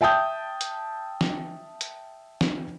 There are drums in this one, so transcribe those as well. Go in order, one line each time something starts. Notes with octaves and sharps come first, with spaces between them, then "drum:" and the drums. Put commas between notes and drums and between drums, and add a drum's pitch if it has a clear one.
E5 G5 A5 D#6 G6
drum: hi-hat
drum: snare
drum: hi-hat
drum: snare